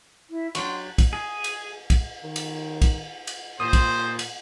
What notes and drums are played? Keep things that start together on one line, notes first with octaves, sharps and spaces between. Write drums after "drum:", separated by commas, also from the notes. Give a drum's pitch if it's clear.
E4
F#3 D4 G5 C6 C#6, drum: cymbal
drum: kick, cymbal
G#4
drum: cymbal
drum: kick, cymbal
D#3
drum: cymbal
drum: kick, cymbal
drum: cymbal
A#2 C5 D#6
drum: kick, cymbal
drum: cymbal